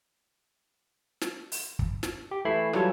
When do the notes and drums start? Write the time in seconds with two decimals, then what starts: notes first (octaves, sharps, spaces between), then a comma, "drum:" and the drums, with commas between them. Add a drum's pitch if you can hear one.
1.21 drum: snare
1.52 drum: open hi-hat
1.79 drum: kick
2.03 drum: snare
2.31 G4
2.45 E3 A3 E4 B5 C7
2.73 E3 F#3 G3 F4 A4 C#5, drum: rim click